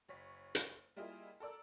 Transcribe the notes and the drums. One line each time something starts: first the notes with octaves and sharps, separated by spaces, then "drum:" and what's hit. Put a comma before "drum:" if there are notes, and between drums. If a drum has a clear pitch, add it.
F#1 C#5 B6
drum: hi-hat
G3 A#3 E4 F4 G#4 D#5
A4 A#4 D5 E6